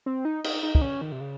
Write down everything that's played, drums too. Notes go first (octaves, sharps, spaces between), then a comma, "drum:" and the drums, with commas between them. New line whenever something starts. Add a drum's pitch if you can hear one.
C4
D#4
D#4, drum: cymbal
D#4
D#4, drum: kick
C#4
D#3
C3
C#3